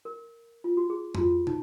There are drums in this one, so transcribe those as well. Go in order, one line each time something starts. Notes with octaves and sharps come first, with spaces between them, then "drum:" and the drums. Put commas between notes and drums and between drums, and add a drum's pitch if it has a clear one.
A#4
F4
F#4
G#4
F#4, drum: tom F2
F4
D#4, drum: tom